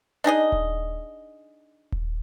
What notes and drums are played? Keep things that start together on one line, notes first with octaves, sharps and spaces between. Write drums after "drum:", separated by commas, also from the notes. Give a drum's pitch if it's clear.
D4 D#4 G#4 D#5
drum: kick D#1
drum: kick D#1